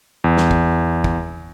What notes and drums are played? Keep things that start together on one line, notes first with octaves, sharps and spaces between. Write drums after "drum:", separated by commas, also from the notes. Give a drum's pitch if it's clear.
E2
drum: snare
drum: kick
drum: kick